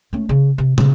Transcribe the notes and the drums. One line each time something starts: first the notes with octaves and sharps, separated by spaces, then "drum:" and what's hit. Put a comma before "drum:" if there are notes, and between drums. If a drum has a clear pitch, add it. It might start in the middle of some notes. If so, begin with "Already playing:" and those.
A3 C#4
C#3
C3
C#3, drum: tom